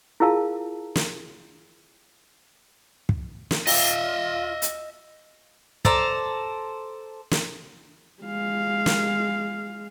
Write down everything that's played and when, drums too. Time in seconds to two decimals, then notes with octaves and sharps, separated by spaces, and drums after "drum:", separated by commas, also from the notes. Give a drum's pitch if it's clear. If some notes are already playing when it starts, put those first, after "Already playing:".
0.20 E4 F4 G#4 A#4 F5 A5
0.96 drum: snare
3.09 drum: kick
3.51 drum: snare
3.67 F4 D#5 E5, drum: open hi-hat
4.62 drum: hi-hat
5.85 A4 C5 D5 A#5, drum: kick
7.31 drum: snare
8.23 G#3 F5
8.86 drum: snare